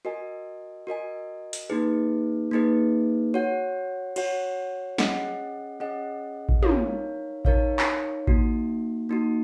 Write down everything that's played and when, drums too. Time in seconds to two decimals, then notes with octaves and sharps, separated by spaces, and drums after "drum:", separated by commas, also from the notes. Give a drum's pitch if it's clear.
0.05 F#4 A#4 D#5 G#5
0.87 F#4 A#4 D#5 G#5
1.53 drum: hi-hat
1.70 A#3 D#4 G#4 B4
2.51 A#3 D#4 G#4 B4
3.34 F#4 C#5 F#5
4.16 F#4 C#5 F#5, drum: cymbal
4.98 C#4 G#4 D#5 F#5, drum: snare
5.80 C#4 G#4 D#5 F#5
6.49 drum: kick A1
6.63 D#4 A#4 C#5 F5, drum: tom
7.45 D#4 A#4 C#5 F5, drum: kick A1
7.79 drum: clap
8.27 A#3 D#4 F#4, drum: kick A1
9.09 A#3 D#4 F#4